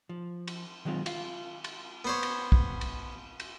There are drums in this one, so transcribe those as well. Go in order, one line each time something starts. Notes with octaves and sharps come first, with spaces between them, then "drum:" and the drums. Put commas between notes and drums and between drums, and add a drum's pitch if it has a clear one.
F3
drum: cymbal
D#3 F#3 G#3 C4 F4
F4 F5, drum: cymbal
drum: cymbal
B3 C5 C#5
drum: cymbal
drum: kick
drum: cymbal
drum: cymbal